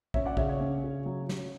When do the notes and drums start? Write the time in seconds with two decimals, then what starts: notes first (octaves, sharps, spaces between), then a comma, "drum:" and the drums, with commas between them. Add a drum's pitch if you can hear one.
0.14 C#4 C#5 E5, drum: kick
0.26 D5 F#5
0.37 C#3 C#5 E5, drum: kick
0.49 C#5
0.60 C#4
0.84 C#3
1.06 F#3
1.29 C#4, drum: snare